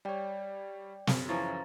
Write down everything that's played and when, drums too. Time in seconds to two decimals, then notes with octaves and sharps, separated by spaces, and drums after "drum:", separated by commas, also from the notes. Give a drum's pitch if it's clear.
0.05 G3 C#5 D5 G5
1.07 F#2 C#3, drum: snare
1.29 E3 F3 C#4 A#5 A6